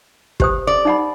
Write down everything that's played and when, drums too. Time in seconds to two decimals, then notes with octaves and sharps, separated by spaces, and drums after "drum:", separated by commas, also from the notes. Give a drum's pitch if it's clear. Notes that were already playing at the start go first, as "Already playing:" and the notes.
0.40 G4 C5 D#6, drum: kick
0.67 D5
0.85 D#4 F#5 B5